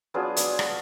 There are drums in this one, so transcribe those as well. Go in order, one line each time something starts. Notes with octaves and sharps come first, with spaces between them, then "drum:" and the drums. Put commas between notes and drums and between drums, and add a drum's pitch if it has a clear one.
F#3 B3 D4 F4 G#4
drum: hi-hat
drum: rim click